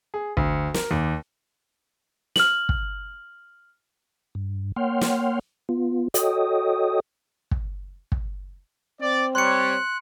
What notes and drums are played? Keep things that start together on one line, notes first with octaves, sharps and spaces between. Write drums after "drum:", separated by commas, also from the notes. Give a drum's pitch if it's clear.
G#4
D2, drum: kick
A#4, drum: snare
D#2
F6 F#7, drum: snare
drum: kick
G2
A#3 C#5 F#5 G5 C6 F6
drum: snare
B3 F4
F#4 A4 C#5 D#5 G5 D#6, drum: hi-hat
drum: kick
drum: kick
C4 D5
G3 C#5 C6 F#6 C#7